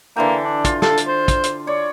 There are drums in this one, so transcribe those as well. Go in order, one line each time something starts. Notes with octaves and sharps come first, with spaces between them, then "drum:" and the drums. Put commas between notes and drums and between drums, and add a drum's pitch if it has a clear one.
D3 E3 A#3 G5
D4
F4, drum: kick, hi-hat
A4 F5, drum: snare
drum: hi-hat
C5
drum: kick, hi-hat
drum: hi-hat
C#5 D5